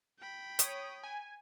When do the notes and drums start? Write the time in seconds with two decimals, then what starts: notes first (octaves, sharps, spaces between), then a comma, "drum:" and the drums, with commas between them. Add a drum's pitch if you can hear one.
0.20 G5 B5
0.59 C#5 D#6, drum: hi-hat
1.04 G#5